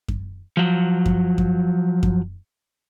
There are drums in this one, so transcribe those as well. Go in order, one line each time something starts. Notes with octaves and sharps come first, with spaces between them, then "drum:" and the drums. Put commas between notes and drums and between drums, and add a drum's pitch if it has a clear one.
drum: kick F#2
F3 F#3
drum: kick F#2
drum: kick F#2
drum: kick F#2